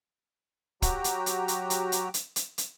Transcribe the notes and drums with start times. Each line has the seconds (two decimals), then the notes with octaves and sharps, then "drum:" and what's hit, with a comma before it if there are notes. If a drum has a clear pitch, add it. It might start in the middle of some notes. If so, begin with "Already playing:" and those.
0.82 F#3 F#4 G4 G5 A#5, drum: kick, hi-hat
1.04 drum: hi-hat
1.26 drum: hi-hat
1.48 drum: hi-hat
1.70 drum: hi-hat
1.92 drum: hi-hat
2.14 drum: hi-hat
2.36 drum: hi-hat
2.58 drum: hi-hat